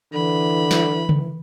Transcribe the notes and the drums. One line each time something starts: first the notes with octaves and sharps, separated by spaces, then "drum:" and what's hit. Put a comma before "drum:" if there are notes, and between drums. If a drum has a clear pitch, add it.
D3 E3 B5
drum: snare
drum: tom C#3